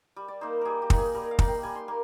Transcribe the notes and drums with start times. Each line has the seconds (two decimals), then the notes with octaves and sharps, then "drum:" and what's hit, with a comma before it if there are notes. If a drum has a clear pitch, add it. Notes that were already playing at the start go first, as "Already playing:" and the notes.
0.16 G3
0.28 D5
0.41 A#3 D#4 C5
0.61 G3 G#4 A#4
0.82 G4
0.90 A#3 D#4, drum: kick
0.98 G#4
1.14 G3 A#4
1.31 F5
1.39 A#3 D#4, drum: kick
1.48 G5
1.63 G3 G#5
1.75 C6
1.88 A#3 D6